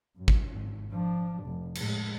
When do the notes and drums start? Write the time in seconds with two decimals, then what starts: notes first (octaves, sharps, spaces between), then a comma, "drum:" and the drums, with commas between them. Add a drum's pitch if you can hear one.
0.16 F#2
0.28 drum: kick G#1
0.50 G#1
0.91 F3 D4
1.43 F1
1.75 A2 G#3, drum: cymbal